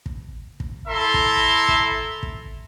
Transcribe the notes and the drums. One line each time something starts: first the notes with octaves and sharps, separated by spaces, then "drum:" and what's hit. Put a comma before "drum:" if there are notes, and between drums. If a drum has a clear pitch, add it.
drum: kick
drum: kick
E4 A4 E5 A#5 C6
drum: kick
drum: kick
drum: kick